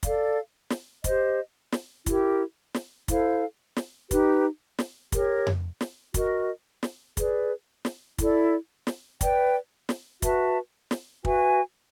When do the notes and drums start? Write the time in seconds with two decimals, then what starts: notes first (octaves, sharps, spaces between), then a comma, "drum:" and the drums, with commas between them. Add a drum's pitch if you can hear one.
0.03 A4 D5 F5, drum: kick, hi-hat
0.70 drum: snare
1.04 G4 C5 D#5, drum: kick, hi-hat
1.72 drum: snare
2.06 E4 G4 A#4, drum: kick, hi-hat
2.74 drum: snare
3.08 E4 A4 C5 F5, drum: kick, hi-hat
3.77 drum: snare
4.11 D#4 G4 B4, drum: kick, hi-hat
4.79 drum: snare
5.12 G4 A#4 C#5, drum: kick, hi-hat
5.47 drum: tom F2
5.81 drum: snare
6.14 F#4 A#4 D#5, drum: kick, hi-hat
6.83 drum: snare
7.17 G#4 B4 D5, drum: kick, hi-hat
7.85 drum: snare
8.18 E4 A4 D5, drum: kick, hi-hat
8.87 drum: snare
9.21 B4 D5 G5, drum: kick, hi-hat
9.89 drum: snare
10.22 F#4 B4 E5 A5, drum: kick, hi-hat
10.91 drum: snare
11.25 F#4 B4 E5 G#5, drum: kick